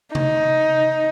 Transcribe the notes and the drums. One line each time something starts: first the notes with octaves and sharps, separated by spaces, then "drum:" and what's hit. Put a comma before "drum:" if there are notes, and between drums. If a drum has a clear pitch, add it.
D#4, drum: tom C3